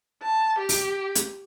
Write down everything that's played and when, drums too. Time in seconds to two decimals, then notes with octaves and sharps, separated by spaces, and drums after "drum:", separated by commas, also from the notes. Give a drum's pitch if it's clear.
0.22 A5
0.59 G4
0.69 drum: open hi-hat
1.15 drum: hi-hat